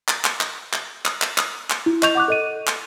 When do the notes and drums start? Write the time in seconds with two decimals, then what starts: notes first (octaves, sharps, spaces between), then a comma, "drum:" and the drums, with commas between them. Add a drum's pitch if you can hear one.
0.08 drum: clap
0.25 drum: clap
0.41 drum: clap
0.73 drum: clap
1.05 drum: clap
1.22 drum: clap
1.38 drum: clap
1.70 drum: clap
1.86 E4
2.03 D#5 C#6 G6 F7, drum: clap
2.15 F#5 D6 F#6
2.28 A4 D#5 D#7
2.67 drum: clap